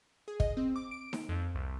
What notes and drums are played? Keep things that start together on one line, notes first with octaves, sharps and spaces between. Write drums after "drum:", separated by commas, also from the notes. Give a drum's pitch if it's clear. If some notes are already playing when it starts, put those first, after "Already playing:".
G#4
D#5, drum: kick
C4
D6
D7
drum: snare D#4
F2
C2